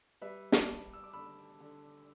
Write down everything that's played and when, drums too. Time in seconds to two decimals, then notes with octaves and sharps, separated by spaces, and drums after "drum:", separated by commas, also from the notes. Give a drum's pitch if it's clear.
0.22 G3 B4 E5
0.52 A5 D6, drum: snare
0.68 G3
0.93 E6
1.03 D6
1.13 D3 B5 E6
1.60 D3